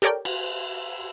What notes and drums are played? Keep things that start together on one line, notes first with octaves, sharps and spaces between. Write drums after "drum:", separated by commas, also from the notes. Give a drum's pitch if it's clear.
G4 A4 A#4 C#5 D5 G5
drum: cymbal